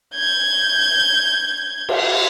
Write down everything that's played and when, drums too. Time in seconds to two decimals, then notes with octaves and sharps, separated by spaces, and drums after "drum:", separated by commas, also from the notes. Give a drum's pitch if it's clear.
0.15 G6 G#6
1.89 drum: cymbal